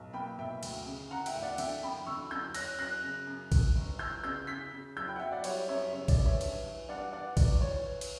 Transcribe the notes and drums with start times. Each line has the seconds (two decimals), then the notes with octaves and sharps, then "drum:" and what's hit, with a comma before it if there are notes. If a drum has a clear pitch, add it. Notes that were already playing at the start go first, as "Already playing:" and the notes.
Already playing: B1
0.13 A#3 G5 B5
0.38 B1 E5 G5
0.63 D2, drum: cymbal
0.86 C#3
1.11 C#3 F#5 A#5
1.26 E5 G5, drum: cymbal
1.35 D2
1.42 D5 F#5
1.58 D3 E5 G5, drum: cymbal
1.82 F#2 G5 B5
2.06 D3 C#6 E6
2.31 F#2 E6 G6
2.54 C#4 F#6 A#6, drum: cymbal
2.79 F#2 F#6 A#6
3.03 C#3
3.27 F#2
3.52 F#2, drum: kick, cymbal
3.76 G1
3.99 G1 E6 G6
4.24 C#3 E6 G6
4.47 C#3 G6 B6
4.72 C#3
4.95 F#3 E6 G6
5.08 G5 B5
5.16 F#5
5.20 F#3 E5 G5
5.32 D5 F#5
5.44 G3 C#5 E5, drum: cymbal
5.68 F#2 C#5 E5
5.92 C#3 C#5
6.08 D5, drum: kick, cymbal
6.16 E3
6.25 C#5 E5
6.41 G2, drum: cymbal
6.64 E3
6.89 G2 D5 F#5
7.12 E3 D5 F#5
7.37 G1 D5, drum: kick, cymbal
7.61 E3 C#5
7.86 E3
8.01 drum: cymbal